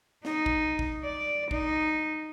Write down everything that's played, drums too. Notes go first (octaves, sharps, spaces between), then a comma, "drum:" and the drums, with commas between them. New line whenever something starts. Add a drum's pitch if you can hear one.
D#4, drum: snare
drum: kick
drum: kick
D5
D#4, drum: kick